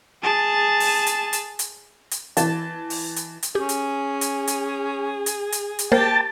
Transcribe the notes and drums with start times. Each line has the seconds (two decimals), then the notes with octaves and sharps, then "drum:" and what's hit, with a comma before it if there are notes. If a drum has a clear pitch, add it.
0.23 G#4 A5
0.80 drum: open hi-hat
1.06 drum: hi-hat
1.33 drum: hi-hat
1.59 drum: hi-hat
2.11 drum: hi-hat
2.37 E3 A5, drum: hi-hat
2.90 drum: open hi-hat
3.16 drum: hi-hat
3.43 drum: hi-hat
3.55 C#4 G4 G#4
3.69 drum: hi-hat
4.21 drum: hi-hat
4.47 drum: hi-hat
5.26 drum: hi-hat
5.52 drum: hi-hat
5.79 drum: hi-hat
5.92 A#3 G4 A#4 C5 G5 A5